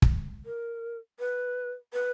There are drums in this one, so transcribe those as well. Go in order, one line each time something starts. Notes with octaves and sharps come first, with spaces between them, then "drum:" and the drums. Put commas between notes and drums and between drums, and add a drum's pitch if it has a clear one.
drum: kick
A#4
B4
B4